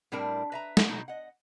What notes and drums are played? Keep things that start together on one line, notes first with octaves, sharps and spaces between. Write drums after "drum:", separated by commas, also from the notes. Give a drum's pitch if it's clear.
A2 G3 C4 D4 E4 A#4
B4 E5 A#5
drum: snare
B2 D#4
D#5 F#5